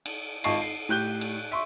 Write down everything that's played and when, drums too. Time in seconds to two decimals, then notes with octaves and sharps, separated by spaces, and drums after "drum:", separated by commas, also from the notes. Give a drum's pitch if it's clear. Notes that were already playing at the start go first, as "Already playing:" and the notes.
0.06 drum: cymbal
0.44 G#1 F4 D#5 A5 C#6 C7, drum: cymbal
0.62 C7
0.89 A2 G4 F#6 G6 G7
1.21 drum: cymbal
1.51 E5 C6 C#6